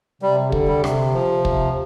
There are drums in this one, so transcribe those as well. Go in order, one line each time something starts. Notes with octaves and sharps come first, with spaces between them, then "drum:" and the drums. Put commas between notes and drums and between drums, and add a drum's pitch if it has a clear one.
C3 G3
D3, drum: kick
G3
C3, drum: rim click
F3
C3, drum: kick